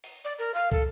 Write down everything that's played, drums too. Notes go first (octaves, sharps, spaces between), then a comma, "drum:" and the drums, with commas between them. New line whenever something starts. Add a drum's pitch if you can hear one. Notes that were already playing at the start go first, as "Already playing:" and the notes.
drum: open hi-hat
D5
A#4
F5
A4, drum: kick